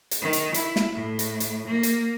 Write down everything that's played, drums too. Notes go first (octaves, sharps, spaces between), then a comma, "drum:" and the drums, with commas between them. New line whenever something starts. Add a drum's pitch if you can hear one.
drum: hi-hat
D#3
drum: hi-hat
E4, drum: hi-hat
drum: snare
A2
drum: hi-hat
drum: hi-hat
A#3
drum: hi-hat